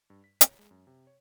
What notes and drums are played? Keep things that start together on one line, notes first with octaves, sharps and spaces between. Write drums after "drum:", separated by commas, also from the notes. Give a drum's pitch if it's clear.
G2
B6
C#5, drum: hi-hat
G#3
F#2
C3
C#5